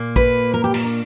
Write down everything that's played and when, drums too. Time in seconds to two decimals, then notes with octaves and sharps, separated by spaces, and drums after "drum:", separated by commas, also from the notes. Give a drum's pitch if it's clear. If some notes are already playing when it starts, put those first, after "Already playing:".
Already playing: A#2 A#3
0.16 B4, drum: kick A1
0.54 A#4
0.64 G4
0.74 A#4, drum: cymbal
0.83 D4